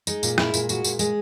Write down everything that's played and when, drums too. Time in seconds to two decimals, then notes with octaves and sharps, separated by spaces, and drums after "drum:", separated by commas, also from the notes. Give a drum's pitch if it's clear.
0.07 G#3 D#4, drum: tambourine
0.23 A#2, drum: tambourine
0.38 G#3 E4, drum: rim click
0.54 A#2, drum: tambourine
0.69 G#3 F#4, drum: tambourine
0.84 A#2, drum: tambourine
0.99 G#3 G#4, drum: tambourine